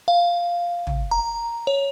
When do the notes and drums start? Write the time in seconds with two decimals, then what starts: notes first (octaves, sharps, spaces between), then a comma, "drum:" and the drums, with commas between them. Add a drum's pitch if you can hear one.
0.08 F5
0.87 drum: tom
1.11 A#5
1.67 C#5